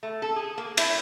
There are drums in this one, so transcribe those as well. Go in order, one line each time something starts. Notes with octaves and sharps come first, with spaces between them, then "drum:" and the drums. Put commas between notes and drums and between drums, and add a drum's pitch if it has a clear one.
A3
A4
G#4
A#3
E4, drum: cymbal